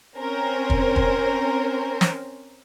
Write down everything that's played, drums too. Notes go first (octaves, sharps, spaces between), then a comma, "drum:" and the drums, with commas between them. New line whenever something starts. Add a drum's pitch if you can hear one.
C4 C#4 A#4 C5
drum: kick
drum: kick
drum: snare